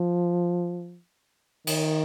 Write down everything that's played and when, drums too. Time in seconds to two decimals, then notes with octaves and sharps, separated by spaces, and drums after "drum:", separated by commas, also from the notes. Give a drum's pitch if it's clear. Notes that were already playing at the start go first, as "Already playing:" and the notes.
Already playing: F3
1.67 D#3, drum: cymbal